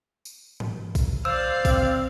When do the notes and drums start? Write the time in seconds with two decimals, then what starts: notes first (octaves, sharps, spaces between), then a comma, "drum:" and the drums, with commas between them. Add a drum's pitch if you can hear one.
0.25 drum: tambourine
0.60 drum: tom G#2
0.95 drum: kick A#1, tambourine
1.25 C5 D5 F5 E6
1.65 C4, drum: kick A#1, tambourine